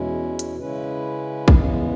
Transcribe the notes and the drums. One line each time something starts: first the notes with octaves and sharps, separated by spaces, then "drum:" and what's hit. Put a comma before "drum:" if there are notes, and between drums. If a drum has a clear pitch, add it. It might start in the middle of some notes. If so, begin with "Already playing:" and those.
Already playing: E2 B2 G#3 C#4 E4
drum: hi-hat
C#3 G#3 C#4 E4 B4
E2 C#3 E3 G#3 B3, drum: kick